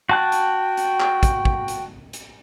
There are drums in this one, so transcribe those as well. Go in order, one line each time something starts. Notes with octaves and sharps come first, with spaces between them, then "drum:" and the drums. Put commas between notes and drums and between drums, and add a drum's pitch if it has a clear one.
F#4 G5 A5 F#6
drum: hi-hat
drum: hi-hat
drum: clap
drum: kick, hi-hat
drum: kick
drum: hi-hat
drum: hi-hat